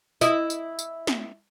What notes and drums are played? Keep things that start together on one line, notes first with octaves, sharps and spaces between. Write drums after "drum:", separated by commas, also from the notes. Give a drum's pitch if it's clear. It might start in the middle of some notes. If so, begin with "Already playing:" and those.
E4 D#5, drum: tambourine
drum: tambourine
drum: tambourine
drum: snare